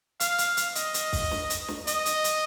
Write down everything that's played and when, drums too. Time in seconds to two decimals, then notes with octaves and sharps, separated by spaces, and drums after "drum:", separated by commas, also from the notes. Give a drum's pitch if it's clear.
0.20 F5, drum: hi-hat
0.38 drum: hi-hat
0.57 drum: hi-hat
0.75 D#5, drum: hi-hat
0.94 drum: hi-hat
1.13 drum: kick, open hi-hat
1.31 drum: snare
1.50 drum: hi-hat
1.68 drum: snare
1.87 D#5, drum: hi-hat
2.06 drum: hi-hat
2.24 drum: hi-hat